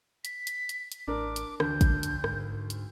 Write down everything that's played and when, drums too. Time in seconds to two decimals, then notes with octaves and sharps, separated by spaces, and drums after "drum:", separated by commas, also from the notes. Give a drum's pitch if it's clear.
0.25 B6, drum: hi-hat
0.47 drum: hi-hat
0.69 drum: hi-hat
0.92 drum: hi-hat
1.08 A1 D4 A#4 D6
1.36 drum: hi-hat
1.60 D2 D4 G6, drum: rim click
1.81 drum: kick, hi-hat
2.03 drum: hi-hat
2.24 G#2, drum: rim click
2.70 drum: hi-hat